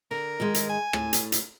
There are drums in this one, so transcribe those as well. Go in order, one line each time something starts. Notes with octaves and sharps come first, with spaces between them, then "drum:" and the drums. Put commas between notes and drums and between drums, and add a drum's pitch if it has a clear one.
D3 A#4
G#2 D#3 G#3
drum: hi-hat
G#5
A2 A5, drum: rim click
drum: hi-hat
drum: hi-hat